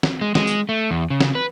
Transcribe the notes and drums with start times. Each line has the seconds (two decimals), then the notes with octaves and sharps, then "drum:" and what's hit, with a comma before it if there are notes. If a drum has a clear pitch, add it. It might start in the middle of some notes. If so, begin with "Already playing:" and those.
0.03 drum: snare
0.21 G#3
0.35 G#3, drum: snare
0.47 drum: tambourine
0.69 A3
0.91 E2
1.10 C#3
1.20 drum: snare
1.35 B4